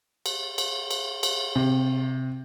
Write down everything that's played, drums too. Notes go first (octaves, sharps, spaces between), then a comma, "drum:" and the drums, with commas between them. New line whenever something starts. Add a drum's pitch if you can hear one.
drum: cymbal
drum: cymbal
drum: cymbal
drum: cymbal
C3